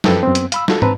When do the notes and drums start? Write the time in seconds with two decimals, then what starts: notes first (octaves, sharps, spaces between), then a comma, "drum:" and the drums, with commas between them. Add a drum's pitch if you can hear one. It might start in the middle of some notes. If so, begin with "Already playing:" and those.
0.04 F#2 F3 A4 B4 G5 A5, drum: snare
0.23 F#2 B3 C4
0.35 drum: hi-hat
0.52 F5 B5 E6, drum: hi-hat
0.68 F4 F#4 A4, drum: snare
0.82 C4 B4 A5 A#5, drum: tom